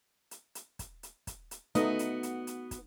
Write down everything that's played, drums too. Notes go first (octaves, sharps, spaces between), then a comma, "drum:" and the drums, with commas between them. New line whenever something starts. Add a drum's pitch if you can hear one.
drum: hi-hat
drum: hi-hat
drum: kick, hi-hat
drum: hi-hat
drum: kick, hi-hat
drum: hi-hat
A3 B3 D#4 F#4 D#5, drum: hi-hat
drum: hi-hat
drum: hi-hat
drum: hi-hat
drum: kick, hi-hat